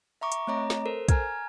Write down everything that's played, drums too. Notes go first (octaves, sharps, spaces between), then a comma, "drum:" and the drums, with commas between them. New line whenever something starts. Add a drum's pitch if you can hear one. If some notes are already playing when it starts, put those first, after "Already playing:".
E5 A#5 C#6 D6
drum: hi-hat
A3 C4 C#5 D#5 A#5 D6
drum: snare
A4 A#4 C5
G#5 A#5 F6 G#6, drum: kick, hi-hat